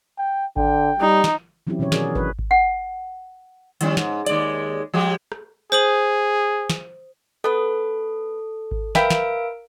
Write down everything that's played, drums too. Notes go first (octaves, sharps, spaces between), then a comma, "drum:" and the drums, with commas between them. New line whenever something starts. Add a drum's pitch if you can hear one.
G5
D3 G5, drum: kick G#1
G3 D#4
drum: snare
E3 F#3 C4 C#4 E4 G4
B2 D#3 E3 C#4 C#5
F#4 G#4 A#4 D5, drum: snare
F#3 D4 B4, drum: kick G#1
drum: kick G#1
F#5
D#3 G3 C#4, drum: hi-hat
G#2, drum: snare
D#2 G#3 D5, drum: hi-hat
F3 G#3 G4
drum: rim click
G#4 C5 D#6 F#7
drum: snare
B3 A4 B4
drum: kick G#1
A#4 B4 E5 F5 G5 D7, drum: snare
drum: snare